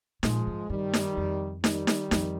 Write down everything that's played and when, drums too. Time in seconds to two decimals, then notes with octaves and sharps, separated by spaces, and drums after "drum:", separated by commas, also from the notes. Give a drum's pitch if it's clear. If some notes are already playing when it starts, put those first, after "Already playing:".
0.23 A#2 F3 G#3, drum: snare D#4
0.47 G#2
0.69 G2 D#3 G3
0.93 drum: snare D#4
1.17 F2
1.64 D#3 G3, drum: snare D#4
1.87 drum: snare D#4
2.11 F2, drum: snare D#4